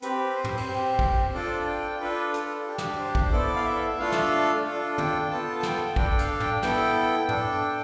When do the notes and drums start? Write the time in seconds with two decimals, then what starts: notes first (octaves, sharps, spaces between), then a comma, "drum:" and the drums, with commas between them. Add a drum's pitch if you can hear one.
0.02 C4 G4 B4, drum: hi-hat
0.35 C5
0.44 drum: tom
0.57 drum: cymbal
0.68 C4 G4
0.99 drum: kick A1
1.34 D4 F4 A4 D5
1.67 G5
2.00 D4 F4 A4 B4
2.34 A4, drum: hi-hat
2.66 D4 G4
2.78 drum: snare
2.99 C5
3.15 drum: kick A1
3.32 B3 E4 A4 D5
3.56 F5
3.65 E5
3.98 A3 D4 F4 A4 F5
4.12 drum: snare
4.64 D4 F4 A4
4.98 G5, drum: tom
5.30 B3 F4 A4 A5
5.59 A5
5.63 G5, drum: snare
5.96 D4 A4 G5, drum: kick A1
6.19 F5, drum: hi-hat
6.40 G5, drum: tom
6.63 B3 E4 A4 G5, drum: snare
7.29 D4 A4, drum: tom